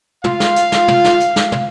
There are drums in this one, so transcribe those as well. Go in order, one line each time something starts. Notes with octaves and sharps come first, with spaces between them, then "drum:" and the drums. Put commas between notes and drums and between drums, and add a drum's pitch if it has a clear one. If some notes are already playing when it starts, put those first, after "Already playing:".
F4 F5, drum: tom
drum: snare
drum: hi-hat
drum: snare
drum: tom
drum: snare
drum: hi-hat
drum: snare
drum: tom